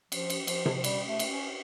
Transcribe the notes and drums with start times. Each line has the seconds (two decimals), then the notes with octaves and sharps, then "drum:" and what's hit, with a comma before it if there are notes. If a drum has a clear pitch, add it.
0.12 F3, drum: cymbal
0.30 drum: cymbal
0.47 F3, drum: cymbal
0.66 drum: tom C3
0.78 F3
0.84 G3, drum: cymbal
1.07 A3
1.19 drum: cymbal
1.31 C#4